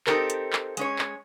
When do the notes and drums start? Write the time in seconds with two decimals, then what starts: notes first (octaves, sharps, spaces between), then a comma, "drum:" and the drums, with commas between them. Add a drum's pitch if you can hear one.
0.07 C4 D#4 G4 A4 A#4, drum: clap
0.30 drum: hi-hat
0.53 drum: clap
0.77 G#3 C#4 C#5, drum: hi-hat
0.99 drum: clap